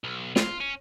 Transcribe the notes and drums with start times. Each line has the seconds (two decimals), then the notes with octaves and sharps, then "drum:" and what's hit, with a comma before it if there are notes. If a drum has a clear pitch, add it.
0.04 B1
0.36 F4, drum: snare
0.61 C#4